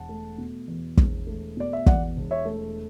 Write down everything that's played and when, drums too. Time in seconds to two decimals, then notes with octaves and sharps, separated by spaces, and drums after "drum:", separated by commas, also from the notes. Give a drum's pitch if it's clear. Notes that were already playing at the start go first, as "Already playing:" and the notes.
Already playing: E1 F#5 A5
0.09 A3
0.38 B2
0.68 E2
0.97 E1, drum: kick
1.27 A3
1.57 B2 D5
1.73 E5
1.86 E2 D5 F#5, drum: kick
2.17 E1
2.31 C#5 E5
2.45 A3